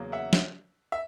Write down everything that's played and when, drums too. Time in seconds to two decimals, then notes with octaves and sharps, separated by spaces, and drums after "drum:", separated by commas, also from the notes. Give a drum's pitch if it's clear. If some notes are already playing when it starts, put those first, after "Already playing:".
Already playing: E2 C#3 F#3 A#3 C#4
0.12 E5 F#5
0.33 drum: snare
0.92 E5